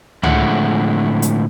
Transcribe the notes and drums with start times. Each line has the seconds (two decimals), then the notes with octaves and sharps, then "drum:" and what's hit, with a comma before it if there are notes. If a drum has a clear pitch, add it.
0.23 A2 D3 F3 G#3 E4 F#5, drum: tom C#2
1.22 drum: hi-hat